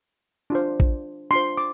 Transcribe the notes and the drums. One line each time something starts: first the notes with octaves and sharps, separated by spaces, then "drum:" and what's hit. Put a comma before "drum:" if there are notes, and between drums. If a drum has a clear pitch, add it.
D4 F4 C5
drum: kick A#1
D4 F4 C5 C6
D6